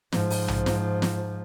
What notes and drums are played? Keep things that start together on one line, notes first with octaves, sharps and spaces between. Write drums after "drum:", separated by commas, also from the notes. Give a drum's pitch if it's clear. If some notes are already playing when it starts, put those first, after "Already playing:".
G#2 F3, drum: snare
drum: open hi-hat
drum: tom B1
drum: snare
drum: snare